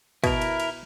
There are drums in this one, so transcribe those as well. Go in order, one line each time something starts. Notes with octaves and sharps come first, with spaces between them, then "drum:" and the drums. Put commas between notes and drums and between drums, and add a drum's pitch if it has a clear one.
B2 E4 A#4, drum: kick, cymbal
drum: cymbal
drum: cymbal